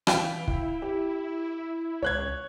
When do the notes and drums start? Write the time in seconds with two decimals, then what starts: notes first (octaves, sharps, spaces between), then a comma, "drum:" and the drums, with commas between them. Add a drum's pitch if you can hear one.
0.07 E3 F5 G5 B5, drum: rim click
0.48 E4, drum: kick
0.82 G4
2.02 C#2 C#5 F#6 G#6